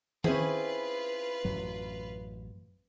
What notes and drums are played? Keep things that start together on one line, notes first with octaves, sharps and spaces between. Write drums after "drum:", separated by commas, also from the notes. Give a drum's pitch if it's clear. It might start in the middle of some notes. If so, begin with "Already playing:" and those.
C4 C#4 E4 F4 G#4 B4, drum: tom D#3
A1 F#2 F#3